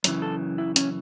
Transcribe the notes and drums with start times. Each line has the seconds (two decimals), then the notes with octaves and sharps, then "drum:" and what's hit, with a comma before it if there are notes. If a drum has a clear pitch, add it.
0.04 F#2 C#3 E3, drum: hi-hat
0.22 A4
0.58 E4
0.76 C#4, drum: hi-hat